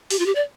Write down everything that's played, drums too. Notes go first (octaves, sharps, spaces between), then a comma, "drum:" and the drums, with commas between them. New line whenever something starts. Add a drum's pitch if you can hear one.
G4, drum: open hi-hat
F4
G4
D5